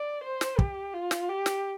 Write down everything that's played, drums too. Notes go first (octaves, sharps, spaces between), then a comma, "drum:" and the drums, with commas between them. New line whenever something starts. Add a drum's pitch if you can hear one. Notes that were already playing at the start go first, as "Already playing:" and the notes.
Already playing: D5
C5
drum: snare
G4, drum: kick
F4
drum: snare
G4
drum: snare